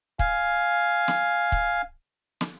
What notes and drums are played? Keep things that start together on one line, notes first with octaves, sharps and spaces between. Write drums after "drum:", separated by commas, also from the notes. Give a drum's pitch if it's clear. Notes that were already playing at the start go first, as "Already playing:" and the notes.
F5 G#5, drum: kick
drum: snare
drum: kick
drum: snare